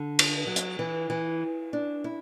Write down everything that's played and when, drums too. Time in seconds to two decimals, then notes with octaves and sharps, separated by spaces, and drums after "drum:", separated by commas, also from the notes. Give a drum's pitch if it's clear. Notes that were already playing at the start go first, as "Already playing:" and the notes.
Already playing: D3
0.19 drum: cymbal
0.47 F#3
0.56 drum: hi-hat
0.79 E3
1.10 E3
1.73 D4
2.04 E4